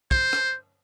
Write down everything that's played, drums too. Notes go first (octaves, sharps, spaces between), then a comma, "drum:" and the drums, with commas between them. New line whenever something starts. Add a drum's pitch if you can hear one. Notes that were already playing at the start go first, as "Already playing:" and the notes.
C5, drum: kick
drum: rim click